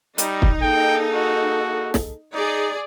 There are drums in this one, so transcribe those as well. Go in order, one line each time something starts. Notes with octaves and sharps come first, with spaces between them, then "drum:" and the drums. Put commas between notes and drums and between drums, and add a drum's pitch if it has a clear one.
G3 D#4, drum: hi-hat
drum: kick
A#3 G#4 A4 G5
F#4
drum: snare
D#4 G#4 D5